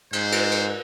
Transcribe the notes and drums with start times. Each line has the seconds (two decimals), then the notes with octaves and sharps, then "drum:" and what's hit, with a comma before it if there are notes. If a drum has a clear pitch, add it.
0.13 G#2 C5, drum: cymbal
0.32 drum: cymbal
0.51 drum: cymbal